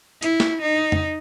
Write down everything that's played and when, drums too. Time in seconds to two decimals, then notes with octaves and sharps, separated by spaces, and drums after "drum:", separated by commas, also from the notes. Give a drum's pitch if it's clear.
0.23 E4, drum: hi-hat
0.40 drum: snare
0.62 D#4
0.92 drum: tom F2